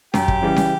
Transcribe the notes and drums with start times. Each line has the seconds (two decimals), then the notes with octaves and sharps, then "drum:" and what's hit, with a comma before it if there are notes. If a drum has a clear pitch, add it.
0.14 F#2 G4, drum: snare C#4
0.28 drum: kick
0.42 C#3 E3 G3
0.56 drum: snare C#4